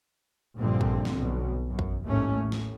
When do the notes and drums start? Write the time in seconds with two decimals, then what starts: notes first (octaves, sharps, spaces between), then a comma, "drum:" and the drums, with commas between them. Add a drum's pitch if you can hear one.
0.56 A#1 G2 A#2 D3 F3 C4
0.81 drum: kick
1.05 drum: snare
1.16 B1 B2
1.68 F#2
1.79 drum: kick
2.03 A1 D#2 G#2 A3 C#4
2.35 A2
2.52 drum: snare